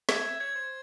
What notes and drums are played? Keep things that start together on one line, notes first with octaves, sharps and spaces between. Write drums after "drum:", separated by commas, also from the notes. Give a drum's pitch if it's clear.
E5 G#6, drum: snare
E5
C#5 G#6
C5